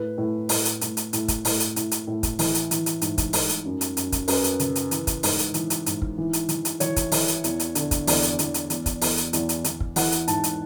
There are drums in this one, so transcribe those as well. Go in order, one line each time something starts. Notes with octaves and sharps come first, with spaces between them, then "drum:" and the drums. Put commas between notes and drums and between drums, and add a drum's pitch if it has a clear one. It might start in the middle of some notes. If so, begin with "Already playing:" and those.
Already playing: A2 B4
A2
A2, drum: open hi-hat
drum: hi-hat
A2, drum: hi-hat
drum: hi-hat
A2, drum: hi-hat
drum: kick, hi-hat
A2, drum: open hi-hat
drum: hi-hat
A2, drum: hi-hat
drum: hi-hat
A2
drum: kick, hi-hat
E3, drum: open hi-hat
drum: hi-hat
E3, drum: hi-hat
drum: hi-hat
G#2, drum: hi-hat
drum: kick, hi-hat
G#2, drum: open hi-hat
drum: hi-hat
F#2
drum: hi-hat
F#2, drum: hi-hat
drum: kick, hi-hat
F#2 B4, drum: open hi-hat
drum: hi-hat
C#3, drum: hi-hat
drum: hi-hat
E3, drum: hi-hat
drum: kick, hi-hat
G#2, drum: open hi-hat
drum: hi-hat
E3, drum: hi-hat
drum: hi-hat
G#2, drum: hi-hat
drum: kick
E3
drum: hi-hat
E3, drum: hi-hat
drum: hi-hat
E3 C#5, drum: hi-hat
drum: kick, hi-hat
E3, drum: open hi-hat
drum: hi-hat
E2, drum: hi-hat
drum: hi-hat
D3, drum: hi-hat
drum: kick, hi-hat
E2 D5, drum: open hi-hat
drum: hi-hat
E2, drum: hi-hat
drum: hi-hat
E2, drum: hi-hat
drum: kick, hi-hat
E2, drum: open hi-hat
drum: hi-hat
E2, drum: hi-hat
drum: hi-hat
E2, drum: hi-hat
drum: kick
E3 F#5, drum: open hi-hat
drum: hi-hat
G#2 A5, drum: hi-hat
drum: hi-hat